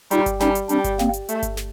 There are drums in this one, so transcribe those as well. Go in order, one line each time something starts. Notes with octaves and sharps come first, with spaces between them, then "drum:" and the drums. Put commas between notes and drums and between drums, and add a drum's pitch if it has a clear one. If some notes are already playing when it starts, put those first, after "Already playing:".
G3 D#4 F4, drum: hi-hat
drum: kick G1, hi-hat
G3 C#4 D#4, drum: snare
drum: hi-hat
G3 C4 D4, drum: hi-hat
drum: kick G1, hi-hat
A#3 C4, drum: snare
drum: hi-hat
A3, drum: hi-hat
drum: kick G1, hi-hat
drum: snare